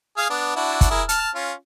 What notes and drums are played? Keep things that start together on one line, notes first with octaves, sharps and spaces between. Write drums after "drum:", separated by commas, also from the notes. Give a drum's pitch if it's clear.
G#4 F5
B3 D4
D4 E4 F#4
drum: kick, hi-hat
E4 G#4 A#4
A5 F6, drum: hi-hat
C#4 F4